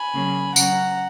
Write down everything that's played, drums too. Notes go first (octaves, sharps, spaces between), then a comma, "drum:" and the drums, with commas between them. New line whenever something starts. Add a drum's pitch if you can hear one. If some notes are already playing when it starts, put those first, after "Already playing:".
Already playing: G#5 B5
C#3 F#3 A#3 C#4
C#3 F#3 C#4 F#5 A#5, drum: tambourine